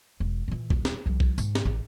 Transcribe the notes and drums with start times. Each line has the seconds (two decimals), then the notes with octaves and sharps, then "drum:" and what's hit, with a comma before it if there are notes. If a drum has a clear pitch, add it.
0.20 E1
0.48 A#2 E3
0.70 D#1, drum: kick A#1
0.85 drum: snare
1.06 C2 F3
1.20 drum: kick A#1
1.38 G#2, drum: tambourine
1.55 drum: snare
1.65 A1